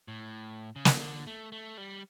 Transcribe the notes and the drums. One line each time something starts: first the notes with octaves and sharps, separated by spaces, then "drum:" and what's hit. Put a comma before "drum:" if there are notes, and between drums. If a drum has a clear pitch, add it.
A2
C#3
drum: snare
D3
A3
A3
G3